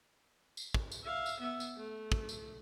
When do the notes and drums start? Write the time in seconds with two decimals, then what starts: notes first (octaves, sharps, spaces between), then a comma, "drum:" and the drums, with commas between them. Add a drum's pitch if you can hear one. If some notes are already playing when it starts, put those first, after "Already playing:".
0.57 drum: tambourine
0.74 drum: kick
0.92 drum: tambourine
1.03 E5 F5
1.26 drum: tambourine
1.40 B3 E5
1.60 drum: tambourine
1.77 A3
2.12 drum: kick
2.29 drum: tambourine